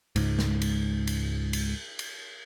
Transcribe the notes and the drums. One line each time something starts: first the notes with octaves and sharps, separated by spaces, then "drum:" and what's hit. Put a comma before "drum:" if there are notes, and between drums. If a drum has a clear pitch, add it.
C#2 G#2, drum: cymbal
drum: snare
drum: cymbal
drum: cymbal
drum: cymbal
drum: cymbal